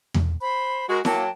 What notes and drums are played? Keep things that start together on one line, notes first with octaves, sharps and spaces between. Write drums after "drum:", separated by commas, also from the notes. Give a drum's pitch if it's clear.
drum: tom E2
C5 B5
G#3 F#4 A#4 C#6
F#3 A#3 G5 A5, drum: snare E4